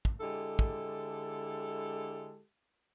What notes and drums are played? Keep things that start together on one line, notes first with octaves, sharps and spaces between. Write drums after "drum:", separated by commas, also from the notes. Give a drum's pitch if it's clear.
drum: kick
D3 G#3 E4 G4 A4
drum: kick